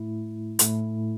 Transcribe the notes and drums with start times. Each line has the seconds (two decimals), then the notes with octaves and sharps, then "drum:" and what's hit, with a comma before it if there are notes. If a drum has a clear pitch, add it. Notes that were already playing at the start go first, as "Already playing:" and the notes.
Already playing: A2 A3 E4
0.59 A2 A3 E4, drum: hi-hat